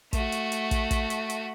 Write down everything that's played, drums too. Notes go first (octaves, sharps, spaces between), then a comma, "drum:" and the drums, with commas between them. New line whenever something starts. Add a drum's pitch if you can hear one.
A3 F#4, drum: kick, hi-hat
drum: hi-hat
drum: hi-hat
drum: kick, hi-hat
drum: kick, hi-hat
drum: hi-hat
drum: hi-hat